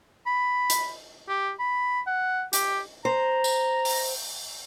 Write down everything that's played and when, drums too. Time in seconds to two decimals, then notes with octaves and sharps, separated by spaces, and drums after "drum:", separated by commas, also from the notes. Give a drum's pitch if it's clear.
0.26 B5
0.70 drum: hi-hat
1.28 G4
1.59 B5
2.07 F#5
2.53 G4, drum: hi-hat
3.05 C5 A#5
3.44 drum: tambourine
3.85 drum: open hi-hat